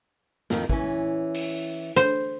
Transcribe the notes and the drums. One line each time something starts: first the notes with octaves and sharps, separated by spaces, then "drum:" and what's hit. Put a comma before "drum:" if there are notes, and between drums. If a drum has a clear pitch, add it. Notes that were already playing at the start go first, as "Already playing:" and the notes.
F2 D#3, drum: snare
E3 C#4, drum: kick
drum: cymbal
C5, drum: hi-hat